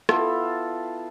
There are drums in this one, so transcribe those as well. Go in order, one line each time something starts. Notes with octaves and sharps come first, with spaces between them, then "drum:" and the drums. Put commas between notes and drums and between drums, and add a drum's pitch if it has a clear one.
B3 E4 F4 A4, drum: rim click